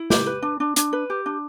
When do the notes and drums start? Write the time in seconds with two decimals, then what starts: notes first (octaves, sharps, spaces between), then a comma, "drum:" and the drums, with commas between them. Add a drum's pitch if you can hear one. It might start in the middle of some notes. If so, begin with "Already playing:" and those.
Already playing: E4
0.10 G4 B4, drum: snare
0.26 B4
0.42 D4
0.60 D4
0.76 D4, drum: hi-hat
0.93 B4
1.10 G4
1.26 D4